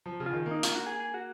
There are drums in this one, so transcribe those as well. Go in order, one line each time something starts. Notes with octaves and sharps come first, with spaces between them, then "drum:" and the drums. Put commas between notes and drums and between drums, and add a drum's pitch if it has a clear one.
F3
C#3
F4
D#3
A#3
D#4
F4, drum: hi-hat
F#4
G#4
G#4
F#4